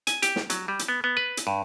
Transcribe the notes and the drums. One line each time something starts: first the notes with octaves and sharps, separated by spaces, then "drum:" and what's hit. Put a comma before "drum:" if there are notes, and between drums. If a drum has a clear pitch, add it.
G#5, drum: hi-hat
G4, drum: hi-hat
drum: snare
F#3, drum: hi-hat
G3
drum: hi-hat
B3
B3
B4
drum: hi-hat
G2